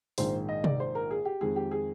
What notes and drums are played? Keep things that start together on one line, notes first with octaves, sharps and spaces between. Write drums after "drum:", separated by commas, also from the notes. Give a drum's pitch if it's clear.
A#1 G#2 D#3 C5, drum: open hi-hat
D#5
D5, drum: tom C3
C5
A#4
G#4
G4
F2 D#3 G#3 G#4
G4
G#4